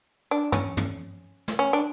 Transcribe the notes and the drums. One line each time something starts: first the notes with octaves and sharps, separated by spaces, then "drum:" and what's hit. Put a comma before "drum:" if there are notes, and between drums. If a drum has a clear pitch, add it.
D4
C#4, drum: tom
drum: tom
drum: snare
C#4
D4